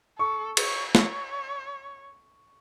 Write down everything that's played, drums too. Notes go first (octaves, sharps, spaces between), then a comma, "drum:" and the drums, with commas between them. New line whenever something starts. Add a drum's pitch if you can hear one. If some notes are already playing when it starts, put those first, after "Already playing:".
A4 C#6
C#5, drum: cymbal
C#5, drum: snare